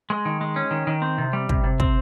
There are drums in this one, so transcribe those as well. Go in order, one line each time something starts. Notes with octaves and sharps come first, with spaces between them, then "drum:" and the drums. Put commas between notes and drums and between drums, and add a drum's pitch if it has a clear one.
G#3
D#3
G#3
C#4
D#3
D#3
C4
C3
G3
C3, drum: kick
C3
C4, drum: kick